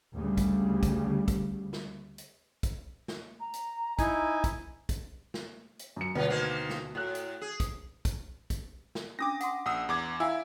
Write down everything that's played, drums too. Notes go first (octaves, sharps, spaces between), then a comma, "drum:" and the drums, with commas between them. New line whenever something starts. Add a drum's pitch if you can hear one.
D2 C#3 G3
drum: kick, hi-hat
drum: kick, hi-hat
drum: kick, hi-hat
drum: snare
drum: hi-hat
drum: kick, hi-hat
drum: snare
A#5
drum: hi-hat
D#4 E4 G#5, drum: kick, hi-hat
drum: kick, hi-hat
drum: kick, hi-hat
drum: snare
drum: hi-hat
F#2 C#7
D2 B2 F#3 B3 F4
D#3 A#3 C5
drum: snare
A2 F#4 F#6
drum: hi-hat
G#4
drum: kick, hi-hat
drum: kick, hi-hat
drum: kick, hi-hat
drum: snare
C#4 D4 D6 D#6 A#6
F#5 C6, drum: hi-hat
A#1 F#5 D#6 E6
E2 D6 G#6
E4 F5 G#5 E6